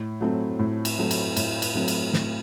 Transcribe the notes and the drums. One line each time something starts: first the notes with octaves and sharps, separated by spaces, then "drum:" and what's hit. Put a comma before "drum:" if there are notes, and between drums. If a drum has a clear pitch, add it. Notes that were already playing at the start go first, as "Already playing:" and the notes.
Already playing: A2
F#3 A3 C4
A2
drum: cymbal
F#3 A3 C4
drum: cymbal
A2, drum: cymbal
drum: cymbal
F#3 A3 C4
drum: cymbal
A2, drum: snare